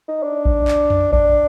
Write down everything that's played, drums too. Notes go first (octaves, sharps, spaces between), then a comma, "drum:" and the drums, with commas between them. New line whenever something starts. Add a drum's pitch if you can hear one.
D#4
D4
drum: kick A#1
drum: clap
drum: tom F2
D4, drum: kick A#1